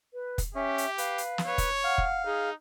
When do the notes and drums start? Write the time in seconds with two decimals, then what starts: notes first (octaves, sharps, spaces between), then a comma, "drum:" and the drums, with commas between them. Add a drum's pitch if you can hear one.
0.14 B4
0.38 drum: kick, hi-hat
0.55 C#4 G4 E5
0.78 drum: hi-hat
0.98 B4 F5, drum: hi-hat
1.18 drum: hi-hat
1.38 drum: snare
1.47 B4 C#5
1.58 drum: kick, hi-hat
1.84 F5 F#5
1.98 drum: kick
2.26 D#4 G#4